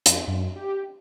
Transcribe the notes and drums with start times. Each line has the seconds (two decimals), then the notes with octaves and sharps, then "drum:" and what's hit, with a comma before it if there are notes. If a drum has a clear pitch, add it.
0.06 F2, drum: hi-hat
0.27 F#2
0.56 G4